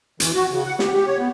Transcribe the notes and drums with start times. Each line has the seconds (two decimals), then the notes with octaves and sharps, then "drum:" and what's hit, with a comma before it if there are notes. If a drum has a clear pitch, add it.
0.20 E3, drum: hi-hat
0.34 F#4
0.51 C#3
0.65 F#5
0.79 G4, drum: snare
0.94 G4
1.07 C#5
1.18 B3